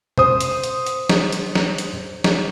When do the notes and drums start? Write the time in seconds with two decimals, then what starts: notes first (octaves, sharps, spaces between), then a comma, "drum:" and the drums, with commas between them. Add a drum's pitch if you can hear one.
0.18 C5 D#6, drum: tom B2
0.41 drum: hi-hat
0.64 drum: hi-hat
0.86 drum: hi-hat
1.09 drum: snare
1.32 drum: hi-hat
1.55 drum: snare
1.78 drum: hi-hat
2.24 drum: snare